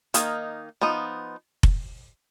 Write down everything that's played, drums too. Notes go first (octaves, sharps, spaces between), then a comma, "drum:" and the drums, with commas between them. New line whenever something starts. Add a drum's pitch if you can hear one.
D#3 A#3 D#4, drum: hi-hat
F3 B3 D#4
drum: kick F1